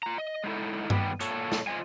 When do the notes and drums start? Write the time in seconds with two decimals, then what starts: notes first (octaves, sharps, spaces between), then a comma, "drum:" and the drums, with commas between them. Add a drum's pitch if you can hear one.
0.03 F4 A#5
0.18 D#5
0.44 G#3 D#4 E4 A4
0.90 D#3 G3 B3 G4 B4, drum: tom G2
1.21 A#2 A4 C#5, drum: hi-hat
1.52 drum: snare
1.67 F4 C5 D#5 G#5